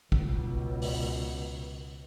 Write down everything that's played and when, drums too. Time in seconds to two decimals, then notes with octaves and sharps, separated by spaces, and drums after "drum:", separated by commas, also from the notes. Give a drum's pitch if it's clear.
0.12 C#2 B2, drum: kick
0.82 drum: open hi-hat